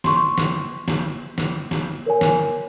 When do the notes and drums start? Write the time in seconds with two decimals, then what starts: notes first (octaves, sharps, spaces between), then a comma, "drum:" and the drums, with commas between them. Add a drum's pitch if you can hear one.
0.04 C6 C#6, drum: snare
0.38 drum: snare
0.88 drum: snare
1.38 drum: snare
1.71 drum: snare
2.06 A#4 C#5 G#5
2.21 drum: snare